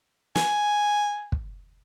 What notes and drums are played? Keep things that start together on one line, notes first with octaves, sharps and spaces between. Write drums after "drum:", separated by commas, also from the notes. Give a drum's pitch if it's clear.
G#5, drum: snare
drum: kick